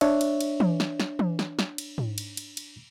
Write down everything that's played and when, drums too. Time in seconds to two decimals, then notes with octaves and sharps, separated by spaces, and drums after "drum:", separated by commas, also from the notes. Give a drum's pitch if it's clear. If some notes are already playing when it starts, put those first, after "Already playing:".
0.01 D4 C#5 E5, drum: cymbal
0.21 drum: cymbal
0.41 drum: cymbal
0.60 drum: tom E3
0.80 drum: snare
1.00 drum: snare
1.19 drum: tom E3
1.39 drum: snare
1.59 drum: snare
1.78 drum: cymbal
1.98 drum: tom G#2
2.18 drum: cymbal
2.37 drum: cymbal
2.57 drum: cymbal